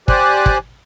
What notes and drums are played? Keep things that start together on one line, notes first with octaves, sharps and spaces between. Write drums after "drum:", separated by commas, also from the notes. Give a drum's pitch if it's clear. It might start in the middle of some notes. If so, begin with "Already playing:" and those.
G4 C5 D5 G#5 F#6, drum: kick
drum: kick